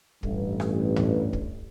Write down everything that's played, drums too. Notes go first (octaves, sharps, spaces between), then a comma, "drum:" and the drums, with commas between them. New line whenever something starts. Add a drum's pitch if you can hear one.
A1 G2, drum: kick
drum: rim click
drum: tom
drum: kick